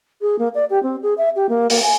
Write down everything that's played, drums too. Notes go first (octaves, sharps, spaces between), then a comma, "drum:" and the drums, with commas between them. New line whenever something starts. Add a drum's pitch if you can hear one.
G#4
A#3
D5
G4
C4
G#4
E5
G4
A#3
A#3, drum: open hi-hat
G#5